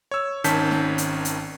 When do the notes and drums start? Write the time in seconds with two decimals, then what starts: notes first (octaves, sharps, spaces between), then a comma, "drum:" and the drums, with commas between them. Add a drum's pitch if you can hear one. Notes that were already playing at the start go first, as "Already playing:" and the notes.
0.11 C#5 E6
0.44 G#1 D#3 C#4 A5 G6 B6, drum: hi-hat
0.71 drum: snare
0.98 drum: hi-hat
1.25 drum: hi-hat